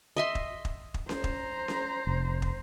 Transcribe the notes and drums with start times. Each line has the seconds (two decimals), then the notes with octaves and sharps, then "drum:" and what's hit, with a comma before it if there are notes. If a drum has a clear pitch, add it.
0.17 D#5 E5 C6
0.35 drum: kick
0.65 drum: kick
0.94 drum: kick
1.09 C5 A#5, drum: snare C#4
1.24 drum: kick
1.68 drum: snare C#4
2.07 F1
2.42 drum: kick